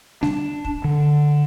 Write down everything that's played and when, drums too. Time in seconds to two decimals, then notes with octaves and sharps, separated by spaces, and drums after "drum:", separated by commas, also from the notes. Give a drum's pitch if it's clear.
0.23 D4, drum: snare G3
0.65 drum: kick
0.84 D3